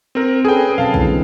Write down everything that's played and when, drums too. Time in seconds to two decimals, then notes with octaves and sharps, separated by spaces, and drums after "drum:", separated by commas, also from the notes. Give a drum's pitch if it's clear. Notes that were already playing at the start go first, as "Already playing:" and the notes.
0.15 C4 A#4
0.45 C#4 G#4 A4 B4 G5
0.78 C3 F#3 F5 A5
0.94 D3 E3 G#3, drum: kick